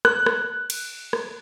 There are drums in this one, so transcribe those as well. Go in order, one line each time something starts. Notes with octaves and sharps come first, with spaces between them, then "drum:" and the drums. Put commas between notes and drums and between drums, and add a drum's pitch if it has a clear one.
F#6, drum: rim click
drum: rim click
drum: cymbal
drum: rim click